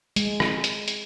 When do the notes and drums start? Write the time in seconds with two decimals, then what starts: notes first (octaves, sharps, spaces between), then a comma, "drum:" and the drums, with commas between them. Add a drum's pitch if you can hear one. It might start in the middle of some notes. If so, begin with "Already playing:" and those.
0.16 G#3, drum: hi-hat
0.40 drum: rim click
0.64 drum: hi-hat
0.88 drum: hi-hat